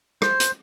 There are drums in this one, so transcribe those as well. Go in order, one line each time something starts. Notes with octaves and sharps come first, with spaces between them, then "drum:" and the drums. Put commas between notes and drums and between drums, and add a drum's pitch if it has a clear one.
C5, drum: rim click
drum: hi-hat